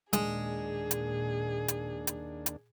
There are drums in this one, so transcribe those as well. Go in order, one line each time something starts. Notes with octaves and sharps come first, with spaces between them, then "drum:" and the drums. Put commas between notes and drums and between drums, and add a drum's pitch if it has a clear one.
D#2 A#2 G#3 D4 G#4, drum: hi-hat
drum: hi-hat
drum: hi-hat
drum: hi-hat
drum: hi-hat